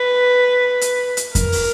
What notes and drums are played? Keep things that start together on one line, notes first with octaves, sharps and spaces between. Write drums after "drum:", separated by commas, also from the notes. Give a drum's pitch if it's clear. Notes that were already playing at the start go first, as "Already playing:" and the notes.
Already playing: B4
drum: hi-hat
drum: hi-hat
A#4, drum: kick F2, hi-hat
drum: open hi-hat